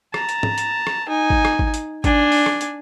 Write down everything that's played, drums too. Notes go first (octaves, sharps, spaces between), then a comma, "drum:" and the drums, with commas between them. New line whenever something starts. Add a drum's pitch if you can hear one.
A5 A#5, drum: rim click
drum: hi-hat
drum: tom G#2
drum: hi-hat
drum: rim click
D#4 G#5
drum: kick G#1
drum: rim click
drum: kick G#1
drum: hi-hat
D4 G#5, drum: kick G#1, hi-hat
drum: open hi-hat
drum: rim click
drum: hi-hat